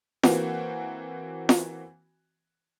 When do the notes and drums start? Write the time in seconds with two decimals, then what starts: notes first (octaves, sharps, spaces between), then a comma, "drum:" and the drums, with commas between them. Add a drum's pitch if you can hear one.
0.23 E3 A#3 C4 F#4, drum: snare F4
1.49 drum: snare F4